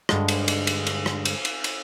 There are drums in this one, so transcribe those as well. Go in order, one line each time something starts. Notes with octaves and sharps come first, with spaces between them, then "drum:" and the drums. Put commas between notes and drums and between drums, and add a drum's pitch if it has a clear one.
G2 D3 G#3, drum: rim click
drum: cymbal
drum: cymbal
drum: cymbal
drum: cymbal
drum: rim click
drum: cymbal
drum: cymbal
drum: cymbal